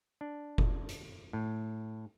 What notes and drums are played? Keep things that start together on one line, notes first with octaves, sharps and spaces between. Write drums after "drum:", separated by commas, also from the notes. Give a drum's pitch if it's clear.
D4
drum: kick F1
drum: hi-hat
A2